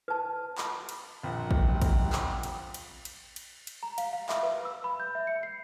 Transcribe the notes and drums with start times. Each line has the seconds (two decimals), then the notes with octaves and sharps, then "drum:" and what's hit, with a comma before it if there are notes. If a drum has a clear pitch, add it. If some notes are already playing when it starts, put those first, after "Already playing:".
0.08 B4 A5
0.58 drum: clap
0.89 drum: cymbal
1.23 A#1 C4 F#5
1.51 drum: kick A1
1.82 drum: kick A1, cymbal
2.12 drum: clap
2.43 drum: cymbal
2.74 drum: cymbal
3.05 drum: cymbal
3.36 drum: cymbal
3.67 drum: cymbal
3.83 A#5
3.98 F5, drum: cymbal
4.13 F5
4.29 E5, drum: clap
4.43 B4
4.65 E6
4.84 B5
5.00 G6
5.15 E5
5.27 C#7
5.43 C7